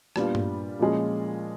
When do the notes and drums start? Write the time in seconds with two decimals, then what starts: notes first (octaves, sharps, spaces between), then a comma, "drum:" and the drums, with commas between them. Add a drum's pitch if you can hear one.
0.16 A#2 G3 B3 D4 F4, drum: rim click
0.35 drum: tom G2
0.80 A#2 F3 G#3 C#4